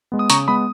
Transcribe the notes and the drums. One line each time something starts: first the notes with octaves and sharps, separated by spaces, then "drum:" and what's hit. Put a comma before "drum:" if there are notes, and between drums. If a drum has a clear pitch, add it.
G#3 B3
D#6
C#3 A#5 C#6, drum: hi-hat
G#3 B3 B5 D#6